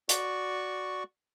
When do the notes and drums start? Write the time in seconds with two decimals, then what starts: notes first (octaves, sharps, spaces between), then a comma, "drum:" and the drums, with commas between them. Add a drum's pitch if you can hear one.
0.09 F#4 D5 C#6, drum: hi-hat